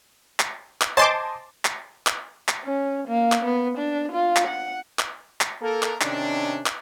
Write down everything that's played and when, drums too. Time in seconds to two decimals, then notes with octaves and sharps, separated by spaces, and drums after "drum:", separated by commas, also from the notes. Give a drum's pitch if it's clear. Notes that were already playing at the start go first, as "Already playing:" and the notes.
0.40 drum: clap
0.82 drum: clap
0.97 C5 D#5 G#5 A5 C6 D6
1.65 drum: clap
2.07 drum: clap
2.49 drum: clap
2.65 C#4
3.08 A#3
3.32 drum: clap
3.45 B3
3.78 D4
4.12 F4
4.37 drum: clap
4.47 F#5
4.99 drum: clap
5.41 drum: clap
5.62 A#3 A4 A#4
5.83 drum: clap
6.01 C3 D#3 C#4 D4, drum: clap
6.66 drum: clap